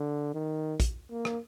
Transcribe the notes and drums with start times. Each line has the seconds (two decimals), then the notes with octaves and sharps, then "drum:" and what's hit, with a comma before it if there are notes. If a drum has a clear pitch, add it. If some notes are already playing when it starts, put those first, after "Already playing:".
Already playing: D3
0.34 D#3
0.80 drum: kick A#1, hi-hat
1.10 A#3
1.25 drum: rim click